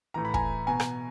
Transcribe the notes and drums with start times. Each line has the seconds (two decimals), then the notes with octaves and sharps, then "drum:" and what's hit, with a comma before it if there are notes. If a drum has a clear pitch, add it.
0.14 A2 E3 A#5
0.25 B5
0.34 G#5 A#5, drum: kick
0.67 B2 G#5 A#5
0.80 drum: rim click